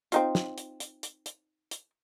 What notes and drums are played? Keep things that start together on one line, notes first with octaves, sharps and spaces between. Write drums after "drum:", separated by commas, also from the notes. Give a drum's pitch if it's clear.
C4 D#4 F4, drum: hi-hat
drum: snare
drum: hi-hat
drum: hi-hat
drum: hi-hat
drum: hi-hat
drum: hi-hat